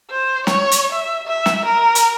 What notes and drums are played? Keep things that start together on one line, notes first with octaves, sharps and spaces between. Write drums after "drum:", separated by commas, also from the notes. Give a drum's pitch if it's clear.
C5
C#5, drum: snare
drum: hi-hat
E5
E5
drum: snare
A#4
drum: hi-hat